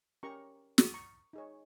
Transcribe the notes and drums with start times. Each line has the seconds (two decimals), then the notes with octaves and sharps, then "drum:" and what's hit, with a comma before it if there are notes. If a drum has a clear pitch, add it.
0.23 C#4 G4 A#4 C#5 A#5 C#6
0.78 C#6, drum: snare
0.86 D#6
0.94 A#5 C#6
1.33 D#4 G#4 C#5